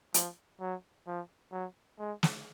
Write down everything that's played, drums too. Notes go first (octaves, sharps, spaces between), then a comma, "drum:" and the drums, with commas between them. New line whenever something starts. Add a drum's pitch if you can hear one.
F3, drum: hi-hat
F#3
F3
F#3
G#3
drum: snare